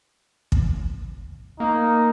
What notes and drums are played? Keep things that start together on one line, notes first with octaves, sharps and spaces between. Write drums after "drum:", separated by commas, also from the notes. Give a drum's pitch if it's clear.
drum: kick
A#3 D#4